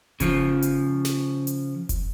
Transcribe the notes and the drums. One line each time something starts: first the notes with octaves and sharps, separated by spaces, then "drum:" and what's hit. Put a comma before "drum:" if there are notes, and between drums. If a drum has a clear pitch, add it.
C#3 F3, drum: kick F1, hi-hat
drum: hi-hat
drum: snare
drum: hi-hat
drum: kick F1, hi-hat